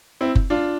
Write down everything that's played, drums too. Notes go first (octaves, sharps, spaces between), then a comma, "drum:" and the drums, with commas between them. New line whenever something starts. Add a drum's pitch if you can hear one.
C4 E4
drum: kick F#1
D4 F4